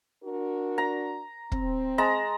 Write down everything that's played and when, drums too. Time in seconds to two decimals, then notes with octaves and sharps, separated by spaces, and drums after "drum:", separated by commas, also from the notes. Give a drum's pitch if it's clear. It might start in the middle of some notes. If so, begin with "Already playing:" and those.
0.23 D4 F#4 A#4
0.78 A#5
1.52 C4, drum: kick
1.98 G#3 A5 A#5